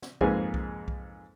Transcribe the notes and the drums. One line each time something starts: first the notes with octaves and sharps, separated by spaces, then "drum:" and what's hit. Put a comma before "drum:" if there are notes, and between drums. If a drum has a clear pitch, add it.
drum: snare
F2 G#2 A#3 G#4 B4 G#5, drum: kick B1
drum: kick B1
drum: kick B1